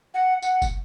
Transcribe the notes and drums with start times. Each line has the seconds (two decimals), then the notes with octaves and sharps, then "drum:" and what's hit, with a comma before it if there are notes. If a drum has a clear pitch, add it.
0.14 F#5
0.42 F#5, drum: tambourine
0.62 drum: kick, tambourine